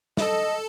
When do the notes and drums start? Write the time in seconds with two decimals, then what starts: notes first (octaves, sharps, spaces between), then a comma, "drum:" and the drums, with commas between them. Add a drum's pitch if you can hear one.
0.17 E5, drum: snare
0.21 A4 D#5